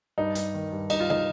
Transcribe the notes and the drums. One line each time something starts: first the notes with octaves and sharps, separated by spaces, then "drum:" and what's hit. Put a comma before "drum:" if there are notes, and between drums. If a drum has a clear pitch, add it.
G2 D#4
G2, drum: hi-hat
D#3
G2
G2 D#4, drum: cymbal
F4
D#4, drum: tom